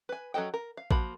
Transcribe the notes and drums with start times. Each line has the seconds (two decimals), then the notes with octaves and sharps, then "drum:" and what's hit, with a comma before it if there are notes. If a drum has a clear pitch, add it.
0.09 B4 G#5
0.34 F#3 C#4 A4 D#5 G5
0.54 A#4
0.77 F5
0.91 F3 A#3 F#4 B5, drum: kick A1